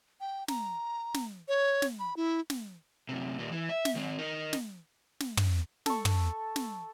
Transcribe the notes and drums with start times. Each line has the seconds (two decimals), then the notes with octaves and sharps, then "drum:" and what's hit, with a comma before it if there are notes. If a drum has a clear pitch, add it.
0.21 G5
0.48 A#5, drum: snare
1.14 drum: snare
1.48 C#5
1.82 drum: snare
1.99 B5
2.17 E4
2.50 drum: snare
3.09 F#2 C3
3.38 D#2 A#2
3.52 E3
3.69 E5
3.85 drum: snare
3.95 D#3 C4
4.19 D#4 A#4
4.53 drum: snare
5.20 drum: snare
5.37 drum: tom
5.86 A4 C#6, drum: snare
6.05 drum: tom
6.56 drum: snare